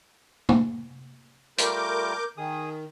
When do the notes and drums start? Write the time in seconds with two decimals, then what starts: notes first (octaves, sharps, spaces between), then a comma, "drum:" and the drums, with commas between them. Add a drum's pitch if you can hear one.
0.49 drum: tom
1.58 G3 A3 F4 A#4 D6 G6, drum: hi-hat
2.37 D#3 G#4 D#6